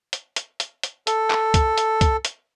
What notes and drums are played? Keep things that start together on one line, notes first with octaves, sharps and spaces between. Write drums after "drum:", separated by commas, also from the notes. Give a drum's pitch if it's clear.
drum: hi-hat
drum: hi-hat
drum: hi-hat
drum: hi-hat
A4, drum: hi-hat
drum: clap
drum: kick C2, hi-hat
drum: hi-hat
drum: kick C2, hi-hat
drum: hi-hat